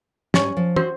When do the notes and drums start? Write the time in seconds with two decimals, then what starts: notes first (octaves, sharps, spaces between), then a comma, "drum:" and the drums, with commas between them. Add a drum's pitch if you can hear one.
0.34 G#2 G3 C#4 G#5 C#6, drum: snare
0.57 F3
0.76 F#4 C5, drum: tom